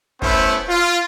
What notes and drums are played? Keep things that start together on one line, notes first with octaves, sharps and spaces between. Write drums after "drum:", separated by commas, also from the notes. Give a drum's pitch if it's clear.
A3 B3 C#4 E4 C5, drum: kick
F4